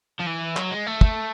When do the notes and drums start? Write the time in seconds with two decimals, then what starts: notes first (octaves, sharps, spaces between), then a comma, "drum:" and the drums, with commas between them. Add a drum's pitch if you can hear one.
0.20 F3
0.27 E3
0.56 F#3, drum: clap
0.71 G#3
0.87 A3
1.01 drum: kick